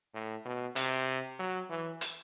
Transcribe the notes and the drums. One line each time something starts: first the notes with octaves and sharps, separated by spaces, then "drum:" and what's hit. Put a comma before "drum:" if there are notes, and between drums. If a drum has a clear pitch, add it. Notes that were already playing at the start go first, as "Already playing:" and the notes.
A2
B2
C3, drum: hi-hat
F#3
E3
drum: hi-hat